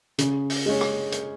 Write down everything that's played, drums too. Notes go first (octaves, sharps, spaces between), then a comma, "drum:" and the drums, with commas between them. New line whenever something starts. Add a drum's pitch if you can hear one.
C#3, drum: hi-hat
drum: open hi-hat
G#3 C#4
drum: rim click
drum: hi-hat